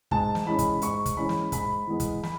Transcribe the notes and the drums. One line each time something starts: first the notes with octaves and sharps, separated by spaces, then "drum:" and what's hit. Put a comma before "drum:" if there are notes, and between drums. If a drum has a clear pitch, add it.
G#2 A5, drum: kick
drum: snare
E3 G#3 C#4 B5
drum: kick, hi-hat
G#2 C#6, drum: hi-hat
drum: kick, hi-hat
E3 G#3 C#4 B5
drum: snare
G#2 B5, drum: kick, hi-hat
E3 G#3 B3
drum: kick, hi-hat
B5, drum: snare